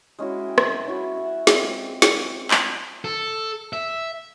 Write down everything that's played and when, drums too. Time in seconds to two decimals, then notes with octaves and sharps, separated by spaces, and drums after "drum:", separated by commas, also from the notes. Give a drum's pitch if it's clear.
0.19 G#3 C#4 E4 F#4
0.48 G5
0.58 drum: rim click
0.86 C#4 E4 F#4
1.17 E5 F#5
1.47 G#3 C4 F4, drum: snare
2.02 drum: snare
2.51 C4 D5, drum: clap
3.05 A4
3.73 E5